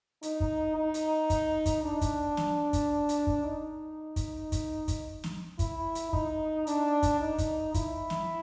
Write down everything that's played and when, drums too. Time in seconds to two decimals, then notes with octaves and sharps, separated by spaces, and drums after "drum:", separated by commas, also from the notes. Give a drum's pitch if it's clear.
0.23 D#4, drum: hi-hat
0.40 drum: kick
0.76 D#4
0.94 drum: hi-hat
1.30 drum: kick, hi-hat
1.66 drum: kick, hi-hat
1.83 D4
2.01 drum: kick, hi-hat
2.37 drum: snare
2.73 drum: kick, hi-hat
3.09 drum: hi-hat
3.27 drum: kick
3.44 D#4
4.16 drum: kick, hi-hat
4.52 drum: kick, hi-hat
4.88 drum: kick, hi-hat
5.24 drum: snare
5.59 E4, drum: kick, hi-hat
5.95 drum: hi-hat
6.13 D#4, drum: kick
6.67 D4, drum: hi-hat
7.03 drum: kick, hi-hat
7.20 D#4
7.38 drum: kick, hi-hat
7.74 E4, drum: kick, hi-hat
8.10 drum: snare